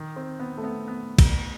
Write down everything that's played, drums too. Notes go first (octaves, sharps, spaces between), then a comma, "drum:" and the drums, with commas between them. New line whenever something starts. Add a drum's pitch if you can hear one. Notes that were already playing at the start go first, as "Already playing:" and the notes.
Already playing: D#3
C4
B3
A3
B3
B3
drum: kick, cymbal